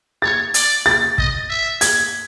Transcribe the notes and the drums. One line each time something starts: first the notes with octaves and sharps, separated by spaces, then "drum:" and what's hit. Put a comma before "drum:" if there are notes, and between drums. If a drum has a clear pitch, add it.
C#5 A6
D5, drum: hi-hat
A6
D#5, drum: kick
E5
G#6, drum: hi-hat